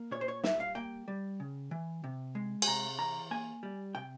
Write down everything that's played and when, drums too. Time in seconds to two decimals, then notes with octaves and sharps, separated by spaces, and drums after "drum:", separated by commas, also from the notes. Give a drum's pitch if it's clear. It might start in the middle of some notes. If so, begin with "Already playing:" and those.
Already playing: A#3
0.11 A#2 C#5
0.21 C5
0.28 C#5
0.44 G3 E5, drum: snare
0.60 F5
0.75 A#3 G5
1.08 G3
1.40 C#3
1.71 E3
2.04 C3
2.35 G#3
2.62 G#5, drum: cymbal
2.67 C3 A#5
2.99 E3 A#5
3.31 A#3 G#5
3.63 G3
3.95 C3 G5